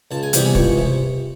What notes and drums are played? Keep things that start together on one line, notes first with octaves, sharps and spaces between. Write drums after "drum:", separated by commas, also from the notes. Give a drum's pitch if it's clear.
C#2 A5
G#5
C3 E3 G3 B3 G5, drum: hi-hat
G#5
C#2 C#6, drum: kick
C3